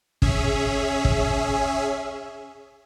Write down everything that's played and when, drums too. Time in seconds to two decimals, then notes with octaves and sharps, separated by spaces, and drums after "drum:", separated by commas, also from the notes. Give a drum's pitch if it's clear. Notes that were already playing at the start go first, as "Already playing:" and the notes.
0.22 C#4 G#4 E5, drum: kick
1.05 drum: kick